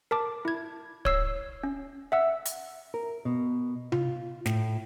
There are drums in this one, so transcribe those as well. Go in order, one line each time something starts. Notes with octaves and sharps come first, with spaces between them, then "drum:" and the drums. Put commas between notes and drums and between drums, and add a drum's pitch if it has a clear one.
A#4 A5 D6
E4 G#6
C#5 E6 C7, drum: kick
C#4
E5 F#5 E6
drum: hi-hat
A#4
B2
F4, drum: tom C3
A2, drum: snare